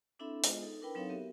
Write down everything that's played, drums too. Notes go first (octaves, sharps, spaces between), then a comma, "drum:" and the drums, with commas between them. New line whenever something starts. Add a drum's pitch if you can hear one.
C4 D4 E4 A4 E5 B5
G#3 B3 F4 G#4 C5 D#5, drum: open hi-hat
D#4 A4
D4 E4 A#4 B4 G5 B5
F#3 C4 D#4 A4 C#5 F5
B3 F#4 G4 A#4 E5